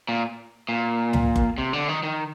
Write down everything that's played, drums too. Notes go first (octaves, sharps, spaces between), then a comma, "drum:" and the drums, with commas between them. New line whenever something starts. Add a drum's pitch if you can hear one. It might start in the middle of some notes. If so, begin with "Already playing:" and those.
A#2
A#2
drum: tom C#2
drum: kick F#1
C3
D3
D#3
D#3